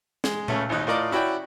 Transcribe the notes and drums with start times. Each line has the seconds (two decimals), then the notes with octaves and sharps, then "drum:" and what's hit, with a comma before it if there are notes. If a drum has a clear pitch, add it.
0.24 G#3, drum: snare
0.48 C#2 C#3 A3 C#4, drum: tom A#2
0.69 G#1 D#2 D#4 F#6
0.87 A2 F4 A#4 D5 D#5 D6
1.11 C#4 E4 F#4 D5 G5